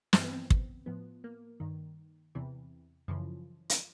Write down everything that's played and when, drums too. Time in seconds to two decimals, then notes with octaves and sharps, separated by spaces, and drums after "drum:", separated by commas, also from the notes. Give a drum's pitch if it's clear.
0.13 G2 E3 C4, drum: snare
0.23 B3
0.33 C4
0.50 drum: kick
0.86 A2 F3 B3
1.24 A#3
1.60 G2 D#3
2.35 E2 C3 E3
3.08 F#2 C#3 E3 F3
3.70 drum: hi-hat